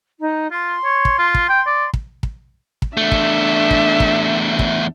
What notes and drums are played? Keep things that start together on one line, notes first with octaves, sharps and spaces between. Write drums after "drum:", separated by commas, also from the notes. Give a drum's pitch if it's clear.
D#4
F4 C6
C#5
drum: kick
F4
drum: kick
G5
D5
drum: kick
drum: kick
drum: kick
E2 A3 D4 E5
drum: kick
drum: kick
drum: kick
drum: kick